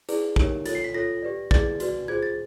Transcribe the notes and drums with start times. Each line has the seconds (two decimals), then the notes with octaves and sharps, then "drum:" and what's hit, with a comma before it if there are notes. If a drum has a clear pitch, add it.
0.09 E4 G#4 B4 D5, drum: hi-hat
0.36 D#4 G4 A#4 C#5, drum: kick
0.66 F4 A4 C#5 A6, drum: hi-hat
0.75 C7
0.84 B6
0.95 F4 A4 C#5 A#6
1.23 G4 B4 D5
1.51 E4 G#4 B4 D5 A6, drum: kick
1.80 F#4 B4 D5, drum: hi-hat
2.08 F4 G#4 C5 G#6
2.23 A6